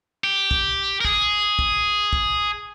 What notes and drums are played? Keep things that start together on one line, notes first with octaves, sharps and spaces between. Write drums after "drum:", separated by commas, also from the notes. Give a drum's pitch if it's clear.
G4
drum: kick
A#4
G#4, drum: kick
drum: kick
drum: kick